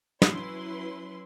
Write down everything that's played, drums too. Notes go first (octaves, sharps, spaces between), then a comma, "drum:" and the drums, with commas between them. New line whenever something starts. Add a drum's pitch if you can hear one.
F#3 C#4 E4 B4 C6, drum: snare